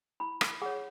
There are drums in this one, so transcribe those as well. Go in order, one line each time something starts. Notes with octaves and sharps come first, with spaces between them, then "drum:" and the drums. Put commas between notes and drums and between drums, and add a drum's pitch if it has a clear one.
E4 B5
drum: rim click
G#4 C#5 F#5